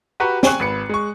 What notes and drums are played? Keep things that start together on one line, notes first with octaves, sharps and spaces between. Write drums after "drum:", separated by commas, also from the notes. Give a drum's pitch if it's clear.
F#4 G4 B4 A#5 C#6
G5 G#5 C#6 F#6, drum: snare
G#1 B4 C#7
G#3 C#6